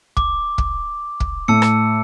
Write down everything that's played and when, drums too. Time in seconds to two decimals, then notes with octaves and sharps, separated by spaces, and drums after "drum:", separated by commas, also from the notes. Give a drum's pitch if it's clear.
0.17 D6, drum: kick
0.58 drum: kick
1.20 drum: kick
1.48 A2 A5 E6 C#7
1.62 drum: rim click